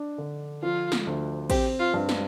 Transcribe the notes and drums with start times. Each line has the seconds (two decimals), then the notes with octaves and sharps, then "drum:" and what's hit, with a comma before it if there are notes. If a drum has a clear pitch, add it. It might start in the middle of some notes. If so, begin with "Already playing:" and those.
Already playing: D4
0.18 D3
0.62 F3 F4
0.92 drum: snare
1.07 D2
1.50 C4 G4, drum: kick A1, cymbal
1.79 F4
1.93 G2
2.09 drum: snare